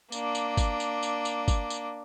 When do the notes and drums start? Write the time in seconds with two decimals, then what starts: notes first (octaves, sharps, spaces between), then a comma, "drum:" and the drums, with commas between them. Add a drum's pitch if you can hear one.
0.12 A#3 D4, drum: tambourine
0.35 drum: tambourine
0.57 drum: kick G1, tambourine
0.80 drum: tambourine
1.03 drum: tambourine
1.25 drum: tambourine
1.48 drum: kick G1, tambourine
1.70 drum: tambourine